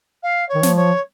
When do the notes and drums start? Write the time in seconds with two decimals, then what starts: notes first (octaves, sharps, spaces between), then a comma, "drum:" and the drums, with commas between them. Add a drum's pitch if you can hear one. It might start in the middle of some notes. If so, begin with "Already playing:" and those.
0.23 F5
0.49 C#5
0.54 D#3
0.63 F3, drum: snare
0.76 C#5